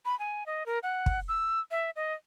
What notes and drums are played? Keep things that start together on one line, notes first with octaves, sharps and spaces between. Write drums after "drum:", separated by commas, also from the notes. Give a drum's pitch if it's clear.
B5
G#5
D#5
A#4
F#5
drum: kick
E6
E5
D#5